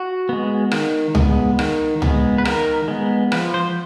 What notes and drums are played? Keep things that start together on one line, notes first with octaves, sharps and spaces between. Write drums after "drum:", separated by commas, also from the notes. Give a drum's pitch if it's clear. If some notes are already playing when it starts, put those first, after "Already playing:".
Already playing: F#4
G#3 B3
D#3, drum: rim click
G#3 B3, drum: tom C#2
D#3, drum: rim click
G#3 B3, drum: tom C#2
B4
D#3 A#4, drum: rim click
G#3 B3
F3 B4, drum: rim click
C5